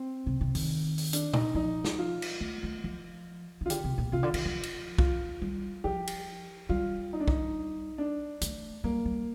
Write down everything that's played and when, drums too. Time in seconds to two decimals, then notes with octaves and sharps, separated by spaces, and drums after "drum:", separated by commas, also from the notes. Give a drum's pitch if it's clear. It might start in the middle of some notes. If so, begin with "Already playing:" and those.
Already playing: C4
0.26 C3
0.41 C3
0.55 D#3, drum: open hi-hat
0.98 drum: open hi-hat
1.13 D4, drum: hi-hat
1.34 D#4, drum: tom A#2
1.55 F3 D#4
1.84 drum: snare
1.99 F4
2.22 drum: cymbal
2.41 A3
2.63 A3
2.84 F3
3.61 D#3
3.66 F4
3.70 D3 G4, drum: hi-hat
3.84 C3
3.98 A#2
4.12 C3 F4
4.23 D3
4.34 D#3, drum: cymbal
4.45 F3
4.63 drum: cymbal
4.98 F4, drum: kick
5.42 G3
5.84 F3 G4
6.07 drum: cymbal
6.69 G3 F4
7.13 D#4
7.20 D4
7.28 D#4, drum: kick
7.98 D4
8.41 A3, drum: hi-hat
8.84 G3 A#3
9.05 G3